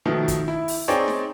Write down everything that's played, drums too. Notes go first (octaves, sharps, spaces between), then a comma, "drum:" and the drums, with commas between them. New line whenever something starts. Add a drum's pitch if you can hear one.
B2 D#3 F3 A3
drum: kick, hi-hat
E4
drum: open hi-hat
C4 D#4 G#4 C#5 D5 G5
drum: snare D#4